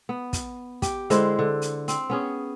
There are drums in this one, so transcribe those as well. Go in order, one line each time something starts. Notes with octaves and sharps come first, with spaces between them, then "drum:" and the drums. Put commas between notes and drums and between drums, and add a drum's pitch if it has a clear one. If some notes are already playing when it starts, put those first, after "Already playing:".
B3
drum: kick, hi-hat
G4, drum: kick, hi-hat
D3 G#3 E4 C5, drum: hi-hat
D3
drum: hi-hat
C4, drum: hi-hat
B3 C#4 G#4